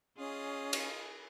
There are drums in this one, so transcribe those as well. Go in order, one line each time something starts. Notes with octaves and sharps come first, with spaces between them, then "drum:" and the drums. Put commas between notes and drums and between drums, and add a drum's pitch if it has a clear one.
C#4 F4 G#4 D#5
drum: cymbal